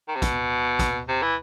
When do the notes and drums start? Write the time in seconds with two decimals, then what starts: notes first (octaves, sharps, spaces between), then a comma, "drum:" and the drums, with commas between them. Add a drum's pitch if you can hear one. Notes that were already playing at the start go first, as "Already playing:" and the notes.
0.08 D#3
0.15 C3
0.22 B2, drum: kick, hi-hat
0.79 drum: kick, hi-hat
1.08 C3
1.23 E3